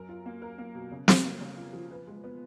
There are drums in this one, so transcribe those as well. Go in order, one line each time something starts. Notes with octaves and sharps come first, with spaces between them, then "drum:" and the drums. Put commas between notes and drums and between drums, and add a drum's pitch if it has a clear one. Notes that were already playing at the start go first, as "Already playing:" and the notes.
Already playing: F#2 A#4
F4
A#3
A#4
A#3
B2
C#3
C#3, drum: snare
A#3
C#3
F4
F3
B4
G#3
B3